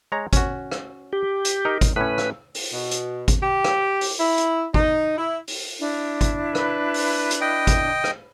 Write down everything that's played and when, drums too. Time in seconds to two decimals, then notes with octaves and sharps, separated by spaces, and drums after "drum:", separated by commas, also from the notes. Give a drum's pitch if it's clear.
0.12 G#3 C#5 A#5
0.33 C#4 F#4, drum: kick G#1, hi-hat
0.72 drum: rim click
1.13 G4
1.45 drum: hi-hat
1.65 D#4 A#4
1.81 drum: kick G#1, hi-hat
1.96 A2 C#4 B4
2.18 drum: rim click
2.55 drum: open hi-hat
2.73 B2
2.91 drum: hi-hat
3.28 drum: kick G#1, hi-hat
3.43 G4
3.64 drum: rim click
4.01 drum: open hi-hat
4.20 E4
4.38 drum: hi-hat
4.74 D#4, drum: kick G#1
5.18 E4
5.48 drum: open hi-hat
5.78 D4 E4
6.21 drum: kick G#1, hi-hat
6.55 B4, drum: rim click
6.94 drum: open hi-hat
7.31 drum: hi-hat
7.41 D#5 G5
7.67 drum: kick G#1, hi-hat
8.04 drum: rim click